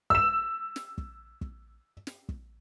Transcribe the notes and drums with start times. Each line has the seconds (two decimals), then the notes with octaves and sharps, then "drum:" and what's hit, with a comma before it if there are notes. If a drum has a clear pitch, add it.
0.10 E6 E7, drum: kick
0.76 drum: snare
0.98 drum: kick
1.41 drum: kick
2.07 drum: snare
2.29 drum: kick